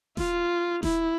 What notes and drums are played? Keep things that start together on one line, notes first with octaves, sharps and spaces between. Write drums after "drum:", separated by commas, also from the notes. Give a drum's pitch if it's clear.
F4, drum: snare D#1
E4, drum: snare D#1